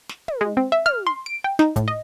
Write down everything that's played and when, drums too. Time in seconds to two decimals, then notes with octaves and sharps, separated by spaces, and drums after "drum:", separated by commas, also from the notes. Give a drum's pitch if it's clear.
0.09 drum: snare
0.28 drum: tom
0.41 G#3
0.57 C4
0.72 E5
0.86 F6, drum: tom
1.07 C6
1.26 D7
1.44 G5
1.59 D#4, drum: snare
1.76 A2, drum: kick, hi-hat
1.88 D#5